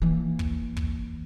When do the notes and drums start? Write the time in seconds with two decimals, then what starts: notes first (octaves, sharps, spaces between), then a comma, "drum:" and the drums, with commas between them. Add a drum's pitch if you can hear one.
0.02 E3 A#3
0.39 drum: kick
0.77 drum: kick